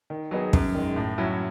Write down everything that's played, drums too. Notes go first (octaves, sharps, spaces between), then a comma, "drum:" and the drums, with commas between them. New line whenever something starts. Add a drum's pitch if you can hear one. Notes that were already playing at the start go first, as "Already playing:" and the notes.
D#3
F#3 B3 D#4 G#4
F#2, drum: kick
D#3 G#3
A2
F#3 C#4 E4